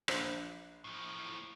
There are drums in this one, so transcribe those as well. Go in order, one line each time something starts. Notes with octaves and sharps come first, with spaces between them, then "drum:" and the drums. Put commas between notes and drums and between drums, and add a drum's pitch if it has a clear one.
A#1 C5 F#6, drum: rim click
A2 F3